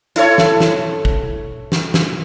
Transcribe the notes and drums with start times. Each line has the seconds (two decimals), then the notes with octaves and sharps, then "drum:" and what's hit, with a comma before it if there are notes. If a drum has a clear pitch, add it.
0.16 E4 A4 C#5, drum: hi-hat
0.38 drum: snare
0.60 drum: snare
1.05 drum: kick
1.72 drum: snare
1.94 drum: snare